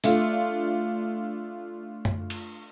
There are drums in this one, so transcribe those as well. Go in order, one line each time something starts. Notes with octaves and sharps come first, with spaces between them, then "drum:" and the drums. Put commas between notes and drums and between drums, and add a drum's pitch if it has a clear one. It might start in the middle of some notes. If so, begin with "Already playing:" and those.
A3 D4 F4, drum: hi-hat
drum: tom
drum: cymbal